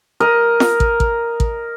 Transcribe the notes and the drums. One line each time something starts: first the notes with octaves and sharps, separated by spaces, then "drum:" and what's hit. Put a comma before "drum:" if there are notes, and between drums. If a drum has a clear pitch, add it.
A#4 D#5
drum: snare
drum: kick
drum: kick
drum: kick